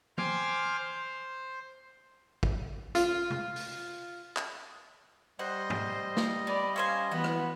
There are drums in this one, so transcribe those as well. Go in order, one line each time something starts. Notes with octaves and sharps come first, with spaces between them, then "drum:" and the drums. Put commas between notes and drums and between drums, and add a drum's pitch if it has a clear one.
C5 G5 G#5 C6 D6 F6, drum: tom
C5
drum: kick
F4, drum: hi-hat
drum: tom
drum: open hi-hat
drum: clap
G3 C5 D#5 F#5
drum: tom
drum: snare
B3 D5
C#4 C5 F5 G#5
E3 B3 F#4
drum: rim click